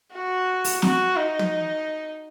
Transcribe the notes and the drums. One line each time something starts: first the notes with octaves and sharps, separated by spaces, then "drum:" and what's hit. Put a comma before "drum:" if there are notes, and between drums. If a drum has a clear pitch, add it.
F#4
drum: open hi-hat
F#4, drum: snare
D#4
drum: tom